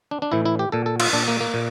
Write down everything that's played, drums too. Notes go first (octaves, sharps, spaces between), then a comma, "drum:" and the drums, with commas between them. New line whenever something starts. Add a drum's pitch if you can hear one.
D4
D4
A2 E3 E4
E4
G4
A#2 A4
A4
F4, drum: cymbal
A#2 D4
A#3
A#3
A#2